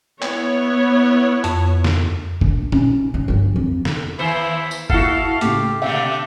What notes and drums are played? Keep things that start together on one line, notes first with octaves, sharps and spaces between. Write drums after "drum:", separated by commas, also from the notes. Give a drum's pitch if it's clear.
B3 E4 C#5, drum: clap
F2, drum: hi-hat
drum: snare
A#1, drum: kick F1
C#4 D#4, drum: tom A#2
G#2
G1 F3
F2
drum: snare
D#2 E3 E4 C5
drum: tambourine
E4 F#4 A4 F5 F#5, drum: kick F1
A2 C#3 G4, drum: hi-hat
B2 D3 A3 G4 E5 F5